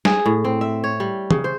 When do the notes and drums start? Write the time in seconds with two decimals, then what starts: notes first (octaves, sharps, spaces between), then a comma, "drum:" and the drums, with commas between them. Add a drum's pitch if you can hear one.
0.05 G#4, drum: snare
0.26 A2
0.45 C4
0.61 E5
0.84 C#5
1.00 G3
1.31 C#3, drum: tom
1.44 C5